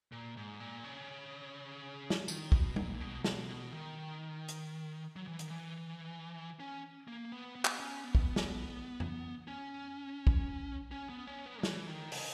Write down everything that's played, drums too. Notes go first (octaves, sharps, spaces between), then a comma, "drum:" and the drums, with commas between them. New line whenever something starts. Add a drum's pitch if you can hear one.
A#2
G#2
A#2
C#3
drum: snare
D#3, drum: tambourine
B2, drum: kick
A#2, drum: tom G3
B2
B2, drum: snare
B2
D#3
drum: hi-hat
F#3
E3
D#3, drum: hi-hat
E3
C#4
A#3
B3
B3
drum: clap
C#4
B3
drum: kick
drum: snare
drum: tom F2
C#4
drum: kick
C#4
B3
C#4
B3
E3, drum: snare
D#3
C#3, drum: open hi-hat